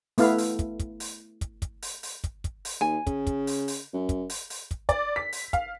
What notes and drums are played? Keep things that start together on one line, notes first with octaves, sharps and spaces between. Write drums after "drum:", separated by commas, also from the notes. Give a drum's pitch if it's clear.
A3 B3 E4 F5, drum: open hi-hat
drum: open hi-hat
drum: kick, hi-hat
drum: kick, hi-hat
drum: open hi-hat
drum: kick, hi-hat
drum: kick, hi-hat
drum: open hi-hat
drum: open hi-hat
drum: kick, hi-hat
drum: kick, hi-hat
drum: open hi-hat
D#2 G#5
C#3, drum: kick, hi-hat
drum: kick, hi-hat
drum: open hi-hat
drum: open hi-hat
F#2
drum: kick, hi-hat
drum: open hi-hat
drum: open hi-hat
drum: kick, hi-hat
D5, drum: kick, hi-hat
B6
drum: open hi-hat
F5, drum: kick, hi-hat